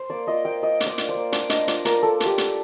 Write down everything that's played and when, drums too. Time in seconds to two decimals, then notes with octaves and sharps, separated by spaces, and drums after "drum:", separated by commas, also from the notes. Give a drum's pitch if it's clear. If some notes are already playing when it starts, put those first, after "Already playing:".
Already playing: C5
0.10 A#3 D5
0.27 F4 D#5
0.45 A#3 G5
0.62 F4 D#5
0.80 F4, drum: hi-hat
0.86 D5
0.98 F4, drum: hi-hat
1.09 C5
1.15 A#3
1.32 D4 D5, drum: hi-hat
1.50 D4 D#5, drum: hi-hat
1.68 F4 D5, drum: hi-hat
1.85 F4 A#4, drum: hi-hat
2.03 A#3 A4
2.20 F4, drum: hi-hat
2.26 G4
2.38 D4, drum: hi-hat